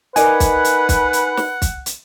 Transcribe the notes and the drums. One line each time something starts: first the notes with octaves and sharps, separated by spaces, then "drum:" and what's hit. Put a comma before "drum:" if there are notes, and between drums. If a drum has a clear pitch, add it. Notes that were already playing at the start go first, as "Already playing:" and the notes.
D#4 A#4 B4 D5 F#5 G#5, drum: hi-hat
drum: kick, hi-hat
drum: hi-hat
drum: kick, hi-hat
drum: hi-hat
drum: snare
drum: kick, hi-hat
drum: hi-hat